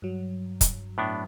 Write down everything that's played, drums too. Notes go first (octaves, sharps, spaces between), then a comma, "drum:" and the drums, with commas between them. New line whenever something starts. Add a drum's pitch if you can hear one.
G2 F#3
drum: kick, hi-hat
A2 B3 D4